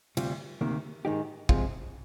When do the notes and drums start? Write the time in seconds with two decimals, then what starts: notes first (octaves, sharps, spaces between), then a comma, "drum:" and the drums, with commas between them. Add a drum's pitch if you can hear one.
0.17 D2 C3 G3 C4 F4, drum: cymbal
0.61 D2 C3 D#3 A#3
1.05 G#2 D#3 G#3 D#4 G4
1.49 C3 F3 G#3 C4 F4, drum: kick